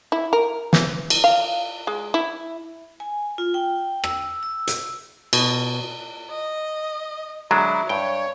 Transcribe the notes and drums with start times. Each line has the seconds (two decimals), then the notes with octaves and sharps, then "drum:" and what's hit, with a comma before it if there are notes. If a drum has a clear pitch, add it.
0.12 E4
0.33 A#4
0.73 E3, drum: snare
1.10 drum: cymbal
1.24 F5
1.87 G#3
2.14 E4
3.00 G#5
3.38 F4
3.54 G5
4.04 E6, drum: rim click
4.43 E6
4.67 drum: hi-hat
5.33 B2, drum: cymbal
6.30 D#5
7.51 F#3 G#3 D4 E4 A#5
7.89 G2 C#5 G5